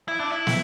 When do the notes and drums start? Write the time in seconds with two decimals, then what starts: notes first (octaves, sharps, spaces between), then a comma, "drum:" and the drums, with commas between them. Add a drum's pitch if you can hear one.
0.08 E4
0.20 D4
0.32 E4
0.47 drum: snare